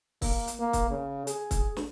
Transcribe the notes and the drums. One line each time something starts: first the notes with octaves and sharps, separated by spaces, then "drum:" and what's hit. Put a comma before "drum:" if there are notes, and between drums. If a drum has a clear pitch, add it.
A#3, drum: kick, open hi-hat
drum: hi-hat
A#3
drum: kick, hi-hat
C#3
G#4, drum: hi-hat
drum: kick, hi-hat
drum: snare